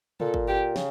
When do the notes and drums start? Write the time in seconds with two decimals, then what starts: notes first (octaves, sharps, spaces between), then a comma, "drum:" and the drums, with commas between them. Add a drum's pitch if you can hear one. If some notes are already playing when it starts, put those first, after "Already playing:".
0.20 A#2 A4, drum: tom
0.34 drum: kick
0.48 G4
0.76 C#3, drum: snare